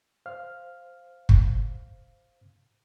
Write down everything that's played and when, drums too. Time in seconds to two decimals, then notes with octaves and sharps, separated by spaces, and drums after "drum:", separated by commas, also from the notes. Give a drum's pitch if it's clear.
0.26 C5 F5 F6
1.29 drum: kick